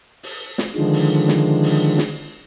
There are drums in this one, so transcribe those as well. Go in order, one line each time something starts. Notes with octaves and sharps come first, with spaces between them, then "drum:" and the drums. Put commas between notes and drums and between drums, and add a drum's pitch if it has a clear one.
drum: open hi-hat
drum: snare
D3 D#3 F3 G#3
drum: open hi-hat
drum: snare
drum: open hi-hat
drum: snare